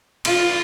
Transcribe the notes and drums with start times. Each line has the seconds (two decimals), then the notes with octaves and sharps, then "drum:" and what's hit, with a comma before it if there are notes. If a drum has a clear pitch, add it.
0.25 F4, drum: cymbal